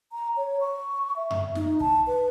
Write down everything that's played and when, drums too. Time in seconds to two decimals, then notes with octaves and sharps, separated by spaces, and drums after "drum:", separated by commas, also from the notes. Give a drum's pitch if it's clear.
0.12 A#5
0.37 C#5
0.61 C#6
1.16 E5
1.31 drum: tom F#2
1.55 D#4, drum: snare
1.80 A5, drum: kick
2.07 B4